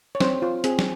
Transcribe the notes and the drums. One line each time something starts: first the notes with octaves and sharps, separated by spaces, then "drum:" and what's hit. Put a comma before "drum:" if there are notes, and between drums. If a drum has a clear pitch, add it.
C#5
C4 C5, drum: snare
F4 C5
C4 G#4, drum: hi-hat
drum: snare